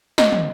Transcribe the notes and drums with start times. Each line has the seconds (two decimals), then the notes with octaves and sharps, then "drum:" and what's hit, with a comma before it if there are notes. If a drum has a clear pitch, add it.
0.18 D#5, drum: snare
0.32 drum: tom